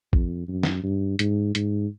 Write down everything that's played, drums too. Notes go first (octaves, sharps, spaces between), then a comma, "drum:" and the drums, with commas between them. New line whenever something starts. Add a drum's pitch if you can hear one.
F2, drum: kick A1
F#2
drum: snare
G2
G#2, drum: hi-hat
G#2, drum: hi-hat